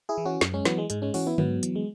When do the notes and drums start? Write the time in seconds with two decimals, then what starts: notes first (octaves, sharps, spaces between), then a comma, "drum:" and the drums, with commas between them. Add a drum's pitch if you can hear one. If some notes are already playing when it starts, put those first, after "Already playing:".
0.09 E4 G#4
0.18 E3
0.25 C#4 F#4
0.41 F#2, drum: snare
0.53 G#3 C#4
0.65 E3 F#3 B3, drum: snare
0.78 G#3
0.90 G#2 G#3, drum: hi-hat
1.02 G#3 C#4
1.14 E3 C#4 F#4, drum: open hi-hat
1.26 B3 E4
1.38 G#2 F#3 B3, drum: tom D3
1.63 E3, drum: hi-hat
1.75 G#3